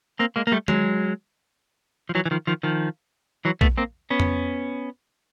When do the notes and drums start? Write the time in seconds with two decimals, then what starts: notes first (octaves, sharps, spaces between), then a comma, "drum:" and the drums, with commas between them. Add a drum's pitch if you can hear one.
0.19 A#3 C4
0.36 G#3 A#3
0.47 A#3
0.52 G3 A3
0.68 F#3 G#3, drum: tom D#3
2.09 F3
2.15 E3 F#3
2.26 E3
2.31 D#3 F3
2.47 D#3 F3
2.63 D#3 F3
3.45 E3 F#3
3.61 A3 B3, drum: kick A#1
3.78 A#3 C4
4.10 B3 C#4
4.20 drum: tom F2